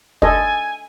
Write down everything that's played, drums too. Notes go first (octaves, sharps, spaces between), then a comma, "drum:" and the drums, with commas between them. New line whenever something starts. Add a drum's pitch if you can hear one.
A4 D#5 G#5, drum: kick